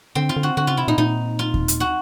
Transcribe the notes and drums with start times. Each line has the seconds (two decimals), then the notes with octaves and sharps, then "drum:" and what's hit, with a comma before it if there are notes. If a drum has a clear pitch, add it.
0.15 D3 C4
0.29 F4
0.36 D3
0.43 F#4
0.57 D3 F#4
0.67 C#3 F4
0.77 C3 E4
0.88 A#2 D#4
0.98 A#2 D#4
1.39 F4
1.54 drum: kick D#2
1.68 drum: hi-hat
1.80 F#4